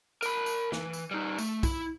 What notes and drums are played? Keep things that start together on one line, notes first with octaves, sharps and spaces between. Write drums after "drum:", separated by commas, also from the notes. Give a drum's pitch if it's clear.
A#4 B5, drum: tambourine
drum: tambourine
E3, drum: snare
drum: tambourine
G3 D#4
A3, drum: tambourine
E4, drum: kick, tambourine